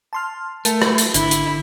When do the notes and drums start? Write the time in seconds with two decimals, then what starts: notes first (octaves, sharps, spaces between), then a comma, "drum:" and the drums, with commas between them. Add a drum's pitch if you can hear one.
0.13 A5 C6 F6
0.65 A3 A#4 A5, drum: hi-hat
0.82 drum: rim click
0.98 drum: hi-hat
1.14 G#1 D3 E4, drum: hi-hat
1.31 drum: hi-hat